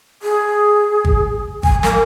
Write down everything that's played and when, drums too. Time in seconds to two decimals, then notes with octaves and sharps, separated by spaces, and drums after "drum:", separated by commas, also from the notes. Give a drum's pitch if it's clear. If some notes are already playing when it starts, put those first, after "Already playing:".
0.22 G#4
1.05 drum: kick G#1
1.63 G#5, drum: kick G#1
1.83 A#4, drum: snare